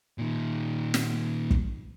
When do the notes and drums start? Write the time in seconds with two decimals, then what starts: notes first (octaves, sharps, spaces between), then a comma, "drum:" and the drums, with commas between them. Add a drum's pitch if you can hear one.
0.18 A#2 D#3
0.94 drum: snare
1.51 drum: kick